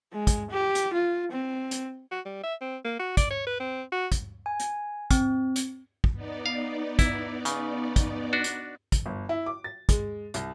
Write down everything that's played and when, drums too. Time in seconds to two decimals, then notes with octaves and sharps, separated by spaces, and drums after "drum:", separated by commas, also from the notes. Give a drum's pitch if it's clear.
0.13 G#3
0.27 drum: kick, hi-hat
0.50 G4
0.75 drum: hi-hat
0.93 F4
1.31 C4
1.71 drum: hi-hat
2.11 F#4
2.25 G3
2.43 E5
2.61 C4
2.85 A#3
2.99 F#4
3.17 D5, drum: kick, hi-hat
3.30 C#5
3.47 B4
3.60 C4
3.92 F#4
4.12 drum: kick, hi-hat
4.46 G#5
4.60 drum: hi-hat
5.11 C4, drum: kick, hi-hat
5.56 drum: hi-hat
6.04 drum: kick
6.13 B3 D#4 D5
6.46 F5
6.99 E4, drum: kick, hi-hat
7.45 C#3, drum: hi-hat
7.96 drum: kick, hi-hat
8.33 D4 F#4
8.44 drum: hi-hat
8.92 drum: kick, hi-hat
9.06 G1
9.29 E4
9.46 D6
9.64 A6
9.89 G#3, drum: kick, hi-hat
10.34 C2, drum: hi-hat